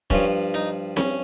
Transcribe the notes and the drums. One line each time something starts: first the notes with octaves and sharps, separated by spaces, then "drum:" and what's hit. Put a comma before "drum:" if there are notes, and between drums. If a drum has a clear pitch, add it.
G2 F3 C#4, drum: kick
D#4
C#4, drum: snare C4